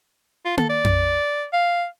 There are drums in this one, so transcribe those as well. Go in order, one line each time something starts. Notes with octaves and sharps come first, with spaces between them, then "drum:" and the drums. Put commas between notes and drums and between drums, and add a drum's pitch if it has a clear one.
F4
A4, drum: tom A#3
D5
drum: tom F2
F5